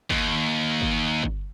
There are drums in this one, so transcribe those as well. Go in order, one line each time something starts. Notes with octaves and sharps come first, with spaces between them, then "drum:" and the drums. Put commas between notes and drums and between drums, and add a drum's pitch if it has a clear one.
D#2, drum: kick
drum: kick
drum: kick